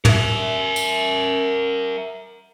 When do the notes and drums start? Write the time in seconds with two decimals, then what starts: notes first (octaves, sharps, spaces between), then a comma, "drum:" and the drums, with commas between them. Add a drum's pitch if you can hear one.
0.05 A#4 E5, drum: tom
0.76 drum: tambourine